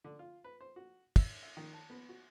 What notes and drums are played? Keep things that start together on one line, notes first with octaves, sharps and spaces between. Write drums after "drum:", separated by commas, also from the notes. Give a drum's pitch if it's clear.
D3
F4
B4
C5
F#4
E5, drum: kick, cymbal
E5
D#3
A5
B3
F#4